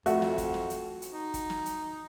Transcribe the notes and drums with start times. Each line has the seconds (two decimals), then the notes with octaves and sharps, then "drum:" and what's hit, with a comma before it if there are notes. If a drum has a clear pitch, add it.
0.06 F2 A3 F#4, drum: hi-hat
0.22 drum: snare
0.38 drum: kick, hi-hat
0.54 drum: snare
0.70 drum: hi-hat
1.02 drum: hi-hat
1.12 D#4
1.34 drum: kick, hi-hat
1.50 drum: snare
1.66 drum: hi-hat